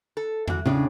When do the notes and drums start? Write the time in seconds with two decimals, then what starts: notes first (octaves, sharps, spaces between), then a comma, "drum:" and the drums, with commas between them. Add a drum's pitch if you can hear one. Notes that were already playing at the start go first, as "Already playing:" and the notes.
0.17 A4
0.48 E3 F#4, drum: tom E2
0.66 A2 C#3 D4